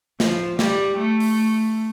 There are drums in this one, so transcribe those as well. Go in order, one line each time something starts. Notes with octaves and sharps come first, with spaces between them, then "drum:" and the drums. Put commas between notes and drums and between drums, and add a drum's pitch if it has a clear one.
F3, drum: snare
G3, drum: snare
A3
drum: open hi-hat